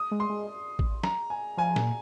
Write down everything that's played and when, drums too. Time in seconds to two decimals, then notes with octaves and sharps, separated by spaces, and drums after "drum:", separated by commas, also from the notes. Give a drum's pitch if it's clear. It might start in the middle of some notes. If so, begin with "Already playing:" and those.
Already playing: D#6
0.11 G#3
0.20 C6
0.29 G#3
0.79 drum: kick A1
1.03 A#5, drum: snare
1.30 G#5
1.57 F3 G#5
1.76 A#2, drum: snare